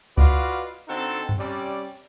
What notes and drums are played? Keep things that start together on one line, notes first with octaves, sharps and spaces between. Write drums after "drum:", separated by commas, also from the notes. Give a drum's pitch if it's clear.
F4 F#4 B4 D5 D#5 F5, drum: kick C#2
D3 C4 D#4 F#4 A4
drum: tom F#2
C3 G3 C#4 D5